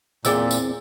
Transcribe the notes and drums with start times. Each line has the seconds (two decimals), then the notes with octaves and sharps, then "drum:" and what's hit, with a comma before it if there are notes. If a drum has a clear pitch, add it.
0.25 E2 A#2 C4 G#4 D5 E6, drum: tambourine
0.51 drum: tambourine